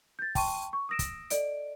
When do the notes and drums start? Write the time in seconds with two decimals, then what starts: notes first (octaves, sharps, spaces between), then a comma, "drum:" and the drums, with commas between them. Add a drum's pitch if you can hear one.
0.19 G6 A6
0.35 G5 A5 C6 C#6 D#7, drum: kick, open hi-hat
0.73 C#6
0.89 D#6 E6 A#6 D7 E7
0.99 drum: kick, hi-hat
1.30 A4 D5 D#5 D7, drum: hi-hat